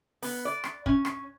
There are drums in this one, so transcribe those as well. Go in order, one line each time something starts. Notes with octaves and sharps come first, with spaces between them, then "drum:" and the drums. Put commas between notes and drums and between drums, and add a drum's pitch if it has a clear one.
B3, drum: open hi-hat
D5
drum: rim click
C#4, drum: kick
drum: rim click